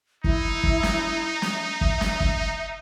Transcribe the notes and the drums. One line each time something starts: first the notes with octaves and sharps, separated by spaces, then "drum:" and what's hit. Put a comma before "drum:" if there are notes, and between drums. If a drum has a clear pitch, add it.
D#4 E4, drum: kick
drum: kick
drum: snare
drum: snare
E5
drum: kick
drum: snare
drum: kick